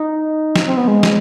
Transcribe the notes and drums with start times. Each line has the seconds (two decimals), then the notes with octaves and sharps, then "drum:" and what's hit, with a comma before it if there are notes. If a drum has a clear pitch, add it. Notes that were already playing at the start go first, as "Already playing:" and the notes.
Already playing: D#4
0.56 drum: snare
0.67 C4
0.77 B3
0.88 G#3
1.03 drum: snare